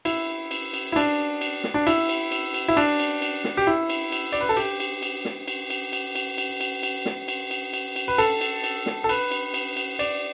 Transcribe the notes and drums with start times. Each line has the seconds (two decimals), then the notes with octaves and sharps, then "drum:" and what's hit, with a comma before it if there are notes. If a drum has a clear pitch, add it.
0.05 E4, drum: cymbal
0.51 drum: cymbal
0.73 drum: cymbal
0.92 E4
0.96 D4, drum: cymbal
1.41 drum: cymbal
1.64 drum: snare
1.74 D4
1.87 E4, drum: cymbal
2.09 drum: cymbal
2.31 drum: cymbal
2.54 drum: cymbal
2.68 E4
2.77 D4, drum: cymbal
2.99 drum: cymbal
3.22 drum: cymbal
3.44 drum: snare
3.57 G4
3.67 E4
3.89 drum: cymbal
4.12 drum: cymbal
4.32 D5, drum: cymbal
4.41 B4
4.49 A4
4.57 G4, drum: cymbal
4.80 drum: cymbal
5.02 drum: cymbal
5.25 drum: snare
5.48 drum: cymbal
5.70 drum: cymbal
5.93 drum: cymbal
6.15 drum: cymbal
6.38 drum: cymbal
6.60 drum: cymbal
6.83 drum: cymbal
7.06 drum: snare
7.28 drum: cymbal
7.51 drum: cymbal
7.73 drum: cymbal
7.96 drum: cymbal
8.08 B4
8.18 A4, drum: cymbal
8.41 drum: cymbal
8.64 drum: cymbal
8.86 drum: snare
9.04 A4
9.09 B4, drum: cymbal
9.31 drum: cymbal
9.54 drum: cymbal
9.76 drum: cymbal
9.99 D5, drum: cymbal